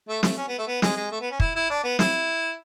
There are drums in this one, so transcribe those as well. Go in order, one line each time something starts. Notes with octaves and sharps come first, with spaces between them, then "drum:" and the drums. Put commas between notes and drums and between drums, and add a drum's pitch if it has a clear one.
A3
A3, drum: snare
C#4
B3
A3
B3
G#3, drum: snare
G#3
A3
B3
C#4
E4, drum: kick
E4
D4
B3
E4, drum: snare